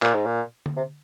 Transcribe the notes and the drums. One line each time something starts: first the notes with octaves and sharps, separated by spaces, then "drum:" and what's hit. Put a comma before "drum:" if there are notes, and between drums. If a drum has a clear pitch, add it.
A#2, drum: clap
G#2
A#2
drum: tom D3
C3